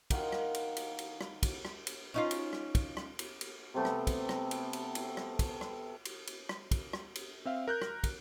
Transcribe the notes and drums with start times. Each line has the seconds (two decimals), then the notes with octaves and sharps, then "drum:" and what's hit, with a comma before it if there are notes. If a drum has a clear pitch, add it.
0.10 D#3 F5 F#5 C6, drum: kick, cymbal
0.32 drum: rim click
0.54 drum: cymbal
0.77 drum: cymbal
0.99 drum: cymbal
1.21 drum: rim click
1.43 drum: kick, cymbal
1.65 drum: rim click
1.87 drum: cymbal
2.14 C#4 D#4 F4
2.31 drum: cymbal
2.53 drum: rim click
2.75 drum: kick, cymbal
2.97 drum: rim click
3.19 drum: cymbal
3.41 drum: cymbal
3.74 C3 A3 B3
3.85 drum: rim click
4.07 drum: kick, cymbal
4.29 drum: rim click
4.51 drum: cymbal
4.73 drum: cymbal
4.95 drum: cymbal
5.17 drum: rim click
5.39 drum: kick, cymbal
5.61 drum: rim click
6.05 drum: cymbal
6.27 drum: cymbal
6.49 drum: rim click
6.71 drum: kick, cymbal
6.93 drum: rim click
7.15 drum: cymbal
7.45 C4 E5 F5
7.68 A#4 F#6 G6
7.82 drum: rim click
8.04 drum: kick, cymbal